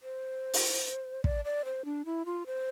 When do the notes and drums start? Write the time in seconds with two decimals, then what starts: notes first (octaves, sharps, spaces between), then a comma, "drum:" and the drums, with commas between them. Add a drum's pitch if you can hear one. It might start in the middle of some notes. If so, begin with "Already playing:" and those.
0.03 C5
0.53 drum: open hi-hat
1.24 D5, drum: kick
1.45 D5
1.65 C5
1.85 D4
2.05 E4
2.26 F4
2.46 C5